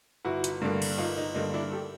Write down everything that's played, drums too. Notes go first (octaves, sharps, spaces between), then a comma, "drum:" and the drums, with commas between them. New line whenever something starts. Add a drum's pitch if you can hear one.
G1 E4 F#4
drum: hi-hat
G2 D3 G3 A#3
drum: cymbal
G1 D#4 F4
D#4
G2 D3 G3 A#3 D#4
D4 E4
G4 A4